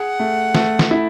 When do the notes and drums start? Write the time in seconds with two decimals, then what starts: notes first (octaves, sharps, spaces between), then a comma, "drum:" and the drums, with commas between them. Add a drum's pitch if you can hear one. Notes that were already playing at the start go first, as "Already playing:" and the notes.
Already playing: G#4 F#5
0.20 A3
0.55 A3, drum: snare
0.79 drum: snare
0.91 E4